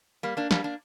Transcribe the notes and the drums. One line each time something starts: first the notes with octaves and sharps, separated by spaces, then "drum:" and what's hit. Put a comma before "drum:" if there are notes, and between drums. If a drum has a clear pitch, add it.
G3 A#3
A#3 D4
G3 A#3, drum: snare
A#3 D4